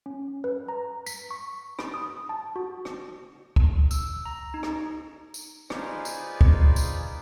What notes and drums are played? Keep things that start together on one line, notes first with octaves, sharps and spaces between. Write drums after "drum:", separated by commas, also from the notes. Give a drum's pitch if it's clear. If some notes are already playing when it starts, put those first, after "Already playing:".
C#4
B4
A#5
B6, drum: tambourine
C#6
B5, drum: rim click
D#6
A5
F#4
drum: rim click
drum: kick
E6, drum: tambourine
A#5
D#4
drum: rim click
drum: tambourine
D#4 F4 G#4 B4 C5 D5, drum: rim click
drum: tambourine
drum: kick
drum: tambourine